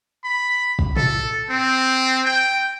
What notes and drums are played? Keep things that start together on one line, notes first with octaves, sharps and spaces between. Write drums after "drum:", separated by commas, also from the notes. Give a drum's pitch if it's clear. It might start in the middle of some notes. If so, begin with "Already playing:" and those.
B5
drum: kick
A4, drum: tom
C4
G5